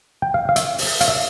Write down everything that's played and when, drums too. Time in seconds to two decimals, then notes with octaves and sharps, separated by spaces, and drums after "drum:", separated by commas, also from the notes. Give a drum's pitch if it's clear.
0.22 G5
0.34 F5
0.49 F5
0.56 E5, drum: hi-hat
0.78 drum: open hi-hat
1.01 F5, drum: hi-hat
1.08 E5